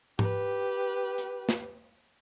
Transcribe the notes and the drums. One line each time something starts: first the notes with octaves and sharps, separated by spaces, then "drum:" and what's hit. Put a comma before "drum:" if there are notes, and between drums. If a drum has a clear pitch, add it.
G4 B4, drum: tom G#2
drum: hi-hat
drum: snare